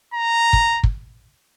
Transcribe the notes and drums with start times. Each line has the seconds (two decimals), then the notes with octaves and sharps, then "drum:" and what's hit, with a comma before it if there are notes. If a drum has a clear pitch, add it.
0.14 A#5
0.53 drum: kick
0.83 drum: kick